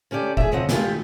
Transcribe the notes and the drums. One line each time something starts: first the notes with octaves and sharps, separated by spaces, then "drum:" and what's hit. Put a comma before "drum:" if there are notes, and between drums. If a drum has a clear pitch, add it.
D3 C#4 G4 D5
G#4 E5, drum: kick F#1
C#3 F3 C4 D#5 F#5
G#3 A3 D4 F4 G4, drum: snare